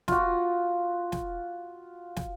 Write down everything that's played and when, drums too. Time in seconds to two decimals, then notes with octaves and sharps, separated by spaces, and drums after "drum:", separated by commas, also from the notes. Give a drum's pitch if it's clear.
0.08 F4 F#4, drum: snare
1.12 drum: snare
2.17 drum: snare